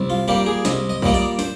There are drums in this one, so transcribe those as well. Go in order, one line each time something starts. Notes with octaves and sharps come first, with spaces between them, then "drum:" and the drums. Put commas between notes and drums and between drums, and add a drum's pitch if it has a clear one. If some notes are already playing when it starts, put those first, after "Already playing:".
Already playing: C2
F4
A#2 G3 A#3 G4
G#4
C2 D#5, drum: snare
D#5
A#2 G3 A#3 D#5, drum: kick B1
D5
C5, drum: snare